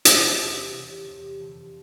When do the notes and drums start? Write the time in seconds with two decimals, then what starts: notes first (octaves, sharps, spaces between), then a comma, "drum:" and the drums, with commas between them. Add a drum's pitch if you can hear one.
0.05 E2 C3 E3 G3, drum: hi-hat
0.37 E2 C3 E3 G3
0.73 E2 C3 E3 G3 C#5
1.06 E2 C3 E3 G3
1.39 F2 D3 G3 C5